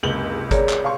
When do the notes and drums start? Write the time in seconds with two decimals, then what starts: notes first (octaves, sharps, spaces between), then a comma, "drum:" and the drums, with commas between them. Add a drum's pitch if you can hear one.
0.03 F#1 C#2 C3 F#7 G7
0.51 G#4 A#4 C#5 D5, drum: kick, hi-hat
0.69 drum: clap
0.84 F5 C6 C#6